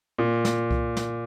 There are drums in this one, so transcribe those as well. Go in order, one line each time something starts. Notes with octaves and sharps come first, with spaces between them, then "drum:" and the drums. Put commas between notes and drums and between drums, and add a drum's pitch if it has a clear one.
A#2
drum: snare
drum: kick C2
drum: snare